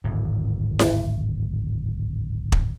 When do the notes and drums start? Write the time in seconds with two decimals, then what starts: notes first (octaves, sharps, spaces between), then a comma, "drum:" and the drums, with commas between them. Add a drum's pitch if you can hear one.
0.04 D1 G#1 E2
0.79 drum: snare E4
2.52 drum: kick